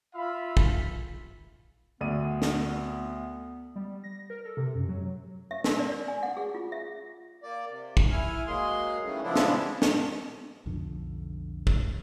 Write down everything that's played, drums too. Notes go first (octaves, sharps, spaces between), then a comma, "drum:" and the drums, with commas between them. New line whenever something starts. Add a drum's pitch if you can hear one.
F4 E5 F5 B5
drum: kick
D2 B3 D5 D#7
drum: snare
G3
A#6
A#4
A4
C3
F#2
F#3
E5
A#4, drum: snare
D5
D5
G#5
F#5
G#4
F4
E5
A#3 D5
C3
drum: kick
E4 G#5 F6
F#3 G#3 A#3 G#4 C6
D#3 E3 G3 A3 C#4
C#3 F3 G#3 B3 D4 E4
drum: snare
drum: snare
B1 F2 D3 D4
drum: kick